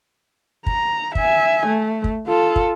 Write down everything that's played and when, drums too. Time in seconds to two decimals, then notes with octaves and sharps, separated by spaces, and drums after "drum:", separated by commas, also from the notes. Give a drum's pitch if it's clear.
0.66 A#5, drum: kick
1.15 E5 G#5, drum: kick
1.67 A3
2.04 drum: kick
2.27 F4 A4
2.56 drum: kick